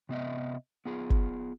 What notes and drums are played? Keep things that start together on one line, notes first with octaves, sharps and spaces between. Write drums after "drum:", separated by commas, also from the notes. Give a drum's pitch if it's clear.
C3 B3 D#5 E5
B3 F4 G#4
drum: kick G1